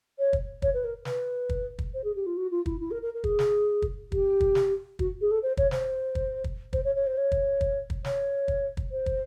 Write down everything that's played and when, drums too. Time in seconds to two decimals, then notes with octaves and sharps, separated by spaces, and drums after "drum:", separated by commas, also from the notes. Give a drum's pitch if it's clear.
0.19 C#5
0.33 drum: kick
0.62 C#5, drum: kick
0.74 B4
0.84 A#4
1.05 B4, drum: snare
1.49 drum: kick
1.79 drum: kick
1.94 C5
2.04 G#4
2.15 G4
2.26 F4
2.37 F#4
2.51 F4
2.66 E4, drum: kick
2.80 E4
2.91 A#4
3.02 A#4
3.14 A#4
3.24 G#4, drum: kick
3.39 drum: snare
3.82 drum: kick
4.12 G4, drum: kick
4.41 drum: kick
4.55 drum: snare
4.99 F#4, drum: kick
5.21 G#4
5.31 A4
5.42 C5
5.57 C#5, drum: kick
5.71 C5, drum: snare
6.15 drum: kick
6.44 drum: kick
6.73 C5, drum: kick
6.84 C#5
6.95 C#5
7.06 C5
7.17 C#5
7.32 drum: kick
7.61 drum: kick
7.90 drum: kick
8.05 C#5, drum: snare
8.48 drum: kick
8.77 drum: kick
8.91 C5
9.06 drum: kick